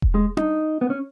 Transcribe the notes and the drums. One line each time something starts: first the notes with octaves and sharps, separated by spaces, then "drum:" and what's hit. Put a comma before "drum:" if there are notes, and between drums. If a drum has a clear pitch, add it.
drum: kick E1
G#3
D#4, drum: tom D4
B3
C#4